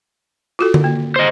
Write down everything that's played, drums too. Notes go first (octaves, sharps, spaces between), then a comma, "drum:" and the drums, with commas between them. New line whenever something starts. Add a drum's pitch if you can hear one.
F4 F#4 A4
drum: tom D3
A#3
C5 D#5